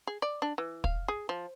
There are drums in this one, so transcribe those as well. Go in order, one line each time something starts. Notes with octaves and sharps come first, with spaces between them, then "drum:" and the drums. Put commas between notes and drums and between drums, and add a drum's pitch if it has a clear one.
G#4
D5
D4
E3
F5, drum: kick
G#4
F3